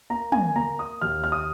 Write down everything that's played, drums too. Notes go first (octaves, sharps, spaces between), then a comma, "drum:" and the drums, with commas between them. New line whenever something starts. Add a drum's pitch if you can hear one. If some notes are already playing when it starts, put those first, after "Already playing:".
A#3 A#5
G#5, drum: tom
A#3 A#5
D#6
D#2 F6
F6
D#6